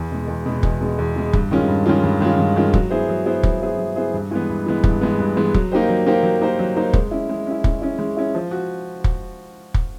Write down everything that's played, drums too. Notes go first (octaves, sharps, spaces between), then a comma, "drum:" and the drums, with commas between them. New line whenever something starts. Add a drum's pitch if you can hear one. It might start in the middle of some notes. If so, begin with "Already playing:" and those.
Already playing: E2
B2 G#3
E2
B2 G#3
E2, drum: kick
B2 G#3
E2
B2 G#3
G2, drum: kick
D#3 G#3 C#4 F4
G2
D#3 G#3 C#4 F4
G2
D#3 G#3 C#4 F4
G2
D#3 G#3 C#4 F4
F#3, drum: kick
B3 E4 G#4 C5
F#3
B3 E4 G#4 C5
F#3, drum: kick
B3 E4 G#4 C5
F#3
B3 E4 G#4 C5
G2
E3 G#3 B3
G2
E3 G#3 B3
G2, drum: kick
E3 G#3 B3
G2
E3 G#3 B3
F#3, drum: kick
A#3 D#4 G4 C5
F#3
A#3 D#4 G4 C5
F#3
A#3 D#4 G4 C5
F#3
A#3 D#4 G4 C5
G#3, drum: kick
C#4 E4
G#3
C#4 E4
G#3, drum: kick
C#4 E4
G#3
C#4 E4
F3
F#4
drum: kick
drum: kick